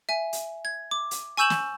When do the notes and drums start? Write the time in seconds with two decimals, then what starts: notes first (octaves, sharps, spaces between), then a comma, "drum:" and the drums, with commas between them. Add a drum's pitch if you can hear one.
0.09 E5 G#5
0.33 drum: hi-hat
0.65 G#6
0.91 D6
1.11 drum: hi-hat
1.37 G#5 C#6 E6 G6 E7 F#7
1.50 drum: snare